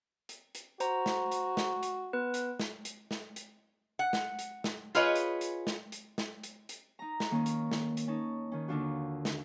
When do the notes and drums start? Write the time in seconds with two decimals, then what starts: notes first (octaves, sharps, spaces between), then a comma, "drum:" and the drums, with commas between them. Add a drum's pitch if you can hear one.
0.29 drum: hi-hat
0.55 drum: hi-hat
0.80 F#4 C5 A#5, drum: hi-hat
1.06 drum: snare
1.31 drum: hi-hat
1.57 drum: snare
1.83 drum: hi-hat
2.13 B3 B4
2.34 drum: hi-hat
2.59 drum: snare
2.85 drum: hi-hat
3.11 drum: snare
3.36 drum: hi-hat
3.99 F#5
4.13 drum: snare
4.39 drum: hi-hat
4.64 drum: snare
4.95 F4 G#4 B4 C#5 D#5
5.15 drum: hi-hat
5.41 drum: hi-hat
5.67 drum: snare
5.92 drum: hi-hat
6.18 drum: snare
6.43 drum: hi-hat
6.69 drum: hi-hat
6.99 D#4 A#5
7.20 drum: snare
7.31 D#3 A#3 C#4
7.46 drum: hi-hat
7.71 drum: snare
7.97 drum: hi-hat
8.07 C#4 D#4 A5
8.52 D#3 C#4
8.68 D#2 D3 D4 F4 F#4
9.25 drum: snare